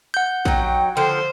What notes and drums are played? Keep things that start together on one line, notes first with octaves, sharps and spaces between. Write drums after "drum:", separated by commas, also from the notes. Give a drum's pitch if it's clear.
F#5 G6
F#3 D#4 G5, drum: kick
D3 F3 C5